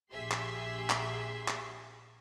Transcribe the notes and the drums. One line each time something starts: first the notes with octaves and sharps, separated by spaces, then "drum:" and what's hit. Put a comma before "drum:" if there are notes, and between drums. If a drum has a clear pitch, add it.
A#1 G4 G#4 E5 C6 B6
drum: clap
drum: clap
drum: clap